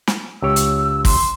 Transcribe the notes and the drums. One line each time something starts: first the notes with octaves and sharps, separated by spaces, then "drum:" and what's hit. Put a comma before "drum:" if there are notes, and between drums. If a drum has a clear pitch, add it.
drum: snare
C#2 G4 C#5 E6
drum: hi-hat
C6, drum: kick, open hi-hat